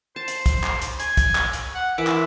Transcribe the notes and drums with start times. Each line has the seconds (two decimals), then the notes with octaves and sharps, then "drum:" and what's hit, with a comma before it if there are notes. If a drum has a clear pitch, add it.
0.16 C5 A5
0.28 drum: hi-hat
0.46 drum: kick, hi-hat
0.64 drum: clap
0.82 drum: hi-hat
1.00 G#5, drum: hi-hat
1.17 drum: kick, hi-hat
1.35 drum: clap
1.53 drum: hi-hat
1.75 F#5
1.98 E3 A#4 E5 D6
2.07 drum: clap